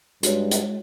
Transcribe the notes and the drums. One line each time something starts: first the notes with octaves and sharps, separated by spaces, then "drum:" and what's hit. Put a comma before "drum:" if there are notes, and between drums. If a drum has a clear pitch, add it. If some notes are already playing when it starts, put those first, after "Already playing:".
G2 G#3 F#4 C#5, drum: hi-hat
drum: hi-hat